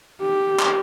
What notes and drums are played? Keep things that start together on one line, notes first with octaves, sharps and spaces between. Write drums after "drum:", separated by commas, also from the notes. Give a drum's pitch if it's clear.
G4
drum: clap